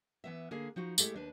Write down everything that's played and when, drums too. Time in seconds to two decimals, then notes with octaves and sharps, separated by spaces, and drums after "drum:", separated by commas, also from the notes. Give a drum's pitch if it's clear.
0.24 E3 B3 E5
0.51 D3 A#3 G#4
0.76 F3 D#4 F#4
0.98 G#3 A3 E4 G4, drum: tambourine
1.14 D#2 D4 B4